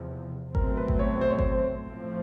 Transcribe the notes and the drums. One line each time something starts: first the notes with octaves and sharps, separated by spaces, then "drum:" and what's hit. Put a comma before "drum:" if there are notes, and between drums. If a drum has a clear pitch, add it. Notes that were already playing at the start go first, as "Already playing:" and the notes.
Already playing: E2 C3 F3
B2 F#3 A3 C4 A#4, drum: kick G#1
B4
drum: kick G#1
C#5
C5
C#5
C5, drum: kick G#1
A2 F3 A3 C4